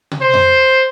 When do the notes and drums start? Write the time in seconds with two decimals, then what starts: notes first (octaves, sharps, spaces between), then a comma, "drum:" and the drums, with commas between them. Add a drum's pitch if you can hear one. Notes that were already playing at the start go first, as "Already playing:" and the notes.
0.11 drum: tom
0.21 C5
0.33 drum: tom F2